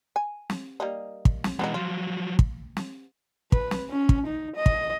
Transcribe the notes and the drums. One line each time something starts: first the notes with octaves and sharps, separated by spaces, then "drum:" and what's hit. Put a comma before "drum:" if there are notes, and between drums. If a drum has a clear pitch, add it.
G#5
drum: snare
G3 A#3 D#4
drum: kick
drum: snare
E3 G#3 B3 C4 D#4
F3 F#3 F4
drum: kick
drum: snare
B4, drum: kick
drum: snare
C#4
drum: kick
D#4
D#5
drum: kick